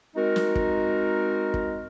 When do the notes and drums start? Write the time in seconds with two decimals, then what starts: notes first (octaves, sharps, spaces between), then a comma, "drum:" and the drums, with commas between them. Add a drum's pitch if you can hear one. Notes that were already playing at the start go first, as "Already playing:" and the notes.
0.16 G#3 C4 D#4 F#4 A#4
0.36 drum: snare
0.55 drum: kick
1.54 drum: kick